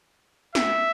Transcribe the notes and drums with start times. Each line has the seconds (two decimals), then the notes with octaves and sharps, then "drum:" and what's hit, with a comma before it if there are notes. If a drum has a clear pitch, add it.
0.55 E5, drum: snare